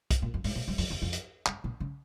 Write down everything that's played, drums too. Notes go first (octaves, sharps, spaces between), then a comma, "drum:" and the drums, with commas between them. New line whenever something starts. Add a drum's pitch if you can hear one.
drum: kick, hi-hat
A#2
F2
G#2, drum: open hi-hat
A#2
G2
F2, drum: open hi-hat
E2
F2
drum: hi-hat
G2, drum: clap
A#2
C#3